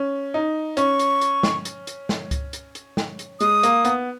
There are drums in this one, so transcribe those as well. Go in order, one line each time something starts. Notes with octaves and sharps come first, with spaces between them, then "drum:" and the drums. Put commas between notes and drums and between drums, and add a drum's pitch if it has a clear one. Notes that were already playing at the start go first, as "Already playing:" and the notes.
Already playing: C#4
D#4
C#4 C#6, drum: hi-hat
drum: hi-hat
drum: hi-hat
drum: snare
drum: hi-hat
drum: hi-hat
drum: snare
drum: kick C#2, hi-hat
drum: hi-hat
drum: hi-hat
drum: snare
drum: hi-hat
G#3 D#6, drum: hi-hat
A#3, drum: hi-hat
B3, drum: hi-hat